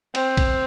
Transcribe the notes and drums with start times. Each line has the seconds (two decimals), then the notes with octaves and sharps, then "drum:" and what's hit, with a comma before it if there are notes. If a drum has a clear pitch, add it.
0.15 C4, drum: cymbal
0.37 drum: kick A#1, cymbal